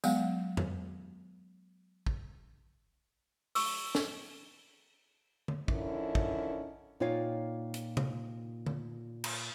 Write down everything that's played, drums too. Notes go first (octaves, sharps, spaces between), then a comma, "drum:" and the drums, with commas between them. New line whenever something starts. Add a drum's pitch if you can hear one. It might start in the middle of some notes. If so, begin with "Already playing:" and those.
F#3 G#3 B3 F5 F#5, drum: tambourine
drum: tom F2
drum: kick
C#6 E6, drum: open hi-hat
drum: snare
drum: tom D3
D3 F3 C#4 D#4 E4 A#4, drum: kick
drum: kick
A#2 D#4 F4 C#5 F5 G5
drum: hi-hat
drum: tom C3
drum: tom D3
drum: cymbal